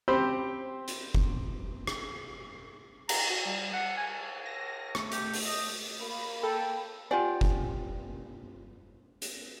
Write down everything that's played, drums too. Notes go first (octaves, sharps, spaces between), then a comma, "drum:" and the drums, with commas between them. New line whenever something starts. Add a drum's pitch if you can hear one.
C4 G4 C5 B5
drum: hi-hat
drum: kick F#1
drum: rim click
A#5, drum: cymbal
F#4
G3
F#5
G#5
A#6
A3, drum: rim click
G4, drum: hi-hat
drum: open hi-hat
D#5
A#3 B5
A4 G5
F4 G4 D5 F#5 G#5
drum: kick F#1
drum: hi-hat